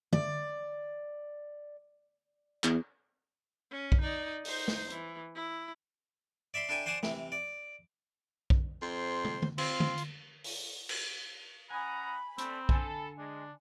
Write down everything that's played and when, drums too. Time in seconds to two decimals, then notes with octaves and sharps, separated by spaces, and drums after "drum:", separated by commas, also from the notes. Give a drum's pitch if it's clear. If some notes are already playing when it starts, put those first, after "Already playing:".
0.13 D5, drum: tom D3
2.64 E2, drum: clap
3.71 C#4
3.92 drum: kick B1
4.01 D#4 D5
4.45 D#4 C5, drum: open hi-hat
4.68 drum: snare
4.90 E3, drum: hi-hat
5.35 E4
6.54 D5 E5 B5 C6
6.69 D4 E4 A4 G5 G#5
6.86 C5 D5 F#5 G#5 A5 C6
7.03 C3 E3, drum: snare
7.32 D5
8.50 drum: kick B1
8.82 F2 C5 C6
9.25 drum: tom
9.42 drum: tom D3
9.58 C4 F4 C6, drum: cymbal
9.80 drum: tom D3
9.97 drum: hi-hat
10.44 drum: open hi-hat
10.89 drum: cymbal
11.70 C#4 F#5 G#5 A#5 B5 D#6
12.38 A3 C4 D4, drum: hi-hat
12.69 D3 A4 G#5, drum: kick B1
13.18 G#3 D4